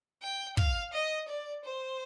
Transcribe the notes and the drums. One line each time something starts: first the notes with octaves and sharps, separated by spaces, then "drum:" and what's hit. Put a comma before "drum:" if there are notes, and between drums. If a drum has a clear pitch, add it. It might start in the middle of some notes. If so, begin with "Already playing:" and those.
G5
F5, drum: kick
D#5
D5
C5